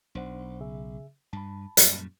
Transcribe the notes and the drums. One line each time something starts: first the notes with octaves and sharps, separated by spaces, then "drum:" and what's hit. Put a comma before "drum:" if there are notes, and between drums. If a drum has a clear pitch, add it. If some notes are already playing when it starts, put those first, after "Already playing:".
B1 D4 C5 F#5
C#3 G#4 E5
G2 A5 B5
F#2 A#2 G3, drum: hi-hat